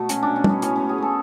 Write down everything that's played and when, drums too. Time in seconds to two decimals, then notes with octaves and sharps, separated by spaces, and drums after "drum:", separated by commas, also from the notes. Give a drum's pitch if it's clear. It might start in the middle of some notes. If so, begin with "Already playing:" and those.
Already playing: B2 A3 F#4
0.09 F#3 C#4, drum: hi-hat
0.23 B2 D4
0.36 C#4
0.44 A3, drum: tom
0.49 B3
0.62 A2 C#4, drum: hi-hat
0.76 A3 C#4
0.89 G#4
0.98 A3 A4